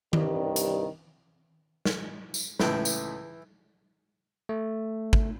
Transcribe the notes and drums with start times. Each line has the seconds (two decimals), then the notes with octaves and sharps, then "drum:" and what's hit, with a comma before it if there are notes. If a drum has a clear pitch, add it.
0.13 C2 G2 D#3 G3, drum: tom D#3
0.56 drum: hi-hat
1.85 drum: snare
2.34 drum: tambourine
2.60 C#2 A2 E3 G5, drum: snare
2.85 drum: tambourine
4.49 A3
5.13 drum: kick G#1